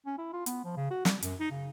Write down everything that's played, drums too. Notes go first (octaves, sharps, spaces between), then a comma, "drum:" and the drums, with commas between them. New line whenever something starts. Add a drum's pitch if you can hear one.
C#4
E4
F4
B3, drum: hi-hat
F3
C#3
F#4
G3, drum: snare
F#2, drum: hi-hat
D#4
C#3